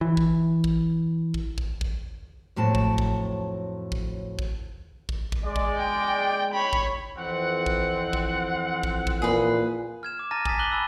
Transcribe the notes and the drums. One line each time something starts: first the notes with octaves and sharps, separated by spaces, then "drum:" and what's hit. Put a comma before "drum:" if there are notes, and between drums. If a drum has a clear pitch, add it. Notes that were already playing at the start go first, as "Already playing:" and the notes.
E3
drum: kick
drum: kick
drum: kick
drum: kick
drum: kick
F2 A2 F#3 A5
drum: kick
drum: kick
drum: kick
drum: kick
drum: kick
drum: kick
G#3 D5
drum: kick
G5
C#5 B5
drum: kick
F2 E3 C4 F#5
drum: kick
drum: kick
drum: kick
drum: kick
A#2 G#4 B4
F6 G#6 E7
D6
A5 A#5 F6 A6 A#6 D#7
G#5 D#6 A6 B6, drum: kick
D6 F#6 F#7 G7
G#5 A5 B5 E6 F#6